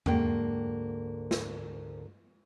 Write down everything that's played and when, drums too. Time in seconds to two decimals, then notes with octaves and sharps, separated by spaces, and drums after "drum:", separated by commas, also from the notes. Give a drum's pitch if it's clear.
0.06 D2 G#2 A#3 G5, drum: tom E2
1.31 drum: snare